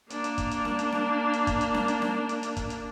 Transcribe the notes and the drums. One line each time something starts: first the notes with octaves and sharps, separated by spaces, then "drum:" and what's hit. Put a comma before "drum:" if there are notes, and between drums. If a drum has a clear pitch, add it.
A#3 D4, drum: hi-hat
drum: hi-hat
drum: kick, hi-hat
drum: hi-hat
drum: snare C#4
drum: hi-hat
drum: snare C#4
drum: hi-hat
drum: kick, hi-hat
drum: hi-hat
drum: snare C#4
drum: hi-hat
drum: snare C#4
drum: hi-hat
drum: hi-hat
drum: kick, hi-hat
drum: hi-hat